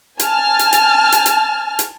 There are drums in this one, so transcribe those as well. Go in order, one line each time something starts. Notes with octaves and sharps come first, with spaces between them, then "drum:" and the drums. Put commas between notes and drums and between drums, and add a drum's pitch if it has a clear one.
G#5 A5 F6, drum: hi-hat
drum: hi-hat
drum: hi-hat
drum: hi-hat
drum: hi-hat
drum: hi-hat